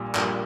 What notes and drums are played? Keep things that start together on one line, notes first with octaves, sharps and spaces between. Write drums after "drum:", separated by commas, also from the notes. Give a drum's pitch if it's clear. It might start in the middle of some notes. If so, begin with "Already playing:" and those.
Already playing: A#1 A#2 G3
A#1 A#2 G3, drum: clap